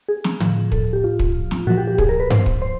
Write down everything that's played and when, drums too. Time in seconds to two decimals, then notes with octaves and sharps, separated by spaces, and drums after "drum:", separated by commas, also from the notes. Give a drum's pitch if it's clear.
0.09 G#4
0.24 drum: snare
0.40 A2 F3, drum: tom D3
0.72 A4, drum: kick
0.93 G4
1.04 F4
1.19 drum: kick
1.51 drum: snare
1.67 A#2 F3 F#4
1.78 G4
1.88 G4
1.98 G#4, drum: kick
2.09 A#4
2.20 B4
2.30 C5, drum: tom G2
2.46 drum: kick
2.62 C5